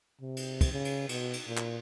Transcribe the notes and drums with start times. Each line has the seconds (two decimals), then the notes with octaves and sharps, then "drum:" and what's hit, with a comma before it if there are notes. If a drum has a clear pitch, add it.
0.21 C3
0.37 drum: cymbal
0.61 drum: kick, cymbal
0.72 C#3
0.85 drum: cymbal
1.09 B2, drum: cymbal
1.33 drum: cymbal
1.48 A#2
1.57 drum: clap